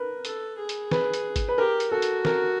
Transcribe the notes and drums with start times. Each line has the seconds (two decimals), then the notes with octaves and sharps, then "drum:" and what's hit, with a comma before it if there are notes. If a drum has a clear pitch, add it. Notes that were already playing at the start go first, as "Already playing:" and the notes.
Already playing: A#4 B4
0.25 A4, drum: hi-hat
0.58 G#4
0.69 drum: hi-hat
0.91 B4, drum: snare
1.14 drum: hi-hat
1.36 drum: kick G#1, hi-hat
1.48 B4
1.58 G4 A#4
1.80 drum: hi-hat
1.91 F#4 A4
2.02 drum: hi-hat
2.25 A#4, drum: snare